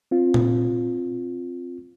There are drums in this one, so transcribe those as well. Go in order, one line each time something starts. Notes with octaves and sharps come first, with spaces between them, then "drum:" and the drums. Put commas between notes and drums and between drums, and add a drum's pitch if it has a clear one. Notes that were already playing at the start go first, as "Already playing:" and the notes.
C4 F4
drum: tom A#2